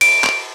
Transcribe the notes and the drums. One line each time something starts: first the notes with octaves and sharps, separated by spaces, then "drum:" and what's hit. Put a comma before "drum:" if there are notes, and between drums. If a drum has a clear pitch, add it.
D7, drum: cymbal
drum: clap